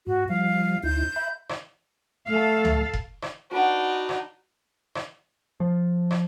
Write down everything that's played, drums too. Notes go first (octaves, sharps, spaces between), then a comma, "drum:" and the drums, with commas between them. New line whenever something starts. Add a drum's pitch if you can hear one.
G#2 F#4
F3 G3 F5
D2 D#4 E4 G6
E5 B5
drum: rim click
A3 A4 F5
drum: tom C#2
drum: kick F1
drum: rim click
D4 D#4 F#4 B4 F#5
drum: rim click
drum: rim click
F3
drum: rim click